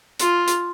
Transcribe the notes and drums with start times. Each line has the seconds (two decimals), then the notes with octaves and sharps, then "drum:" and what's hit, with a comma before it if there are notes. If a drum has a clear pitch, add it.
0.20 F4, drum: hi-hat
0.48 drum: hi-hat